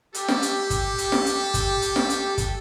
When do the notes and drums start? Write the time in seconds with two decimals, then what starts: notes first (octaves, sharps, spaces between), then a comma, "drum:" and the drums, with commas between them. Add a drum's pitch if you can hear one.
0.14 G4 A4, drum: hi-hat
0.28 drum: snare
0.42 drum: hi-hat
0.70 drum: kick, hi-hat
0.98 drum: hi-hat
1.12 drum: snare
1.26 drum: hi-hat
1.54 drum: kick, hi-hat
1.82 drum: hi-hat
1.96 drum: snare
2.10 drum: hi-hat
2.38 drum: kick, hi-hat